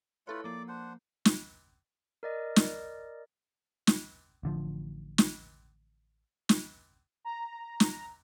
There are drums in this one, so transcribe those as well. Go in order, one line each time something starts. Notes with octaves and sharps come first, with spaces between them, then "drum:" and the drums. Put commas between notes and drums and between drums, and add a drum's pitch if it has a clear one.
A3 E4 F4 A4 B4 C#5
F3 A#3 D5 D6
D4 C5 F#5
drum: snare
A#4 D5 D#5
drum: snare
drum: snare
A1 D3 F3
drum: snare
drum: snare
A#5
drum: snare